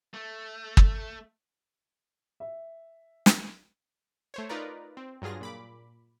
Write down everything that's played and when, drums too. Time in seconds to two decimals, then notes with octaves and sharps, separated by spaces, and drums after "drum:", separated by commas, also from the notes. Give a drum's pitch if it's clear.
0.14 A3
0.77 drum: kick
2.40 E5
3.26 drum: snare
4.34 A3 C5 C#5
4.49 D#4 F4 A#4 B4 D5 A#5
4.97 C4
5.22 G2 F#3 F4 G#4 A#6
5.41 A#2 B5 D6